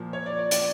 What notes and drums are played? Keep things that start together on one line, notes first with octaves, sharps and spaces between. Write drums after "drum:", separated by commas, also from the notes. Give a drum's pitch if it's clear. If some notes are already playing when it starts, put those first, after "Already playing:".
Already playing: A#2 F3
C#5
D5
D5
D5, drum: hi-hat